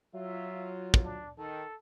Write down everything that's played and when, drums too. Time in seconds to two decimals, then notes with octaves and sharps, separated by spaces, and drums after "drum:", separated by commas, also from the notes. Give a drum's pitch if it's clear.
0.14 F#3 F4 E5
0.94 drum: kick
1.04 D4
1.38 D#3 A4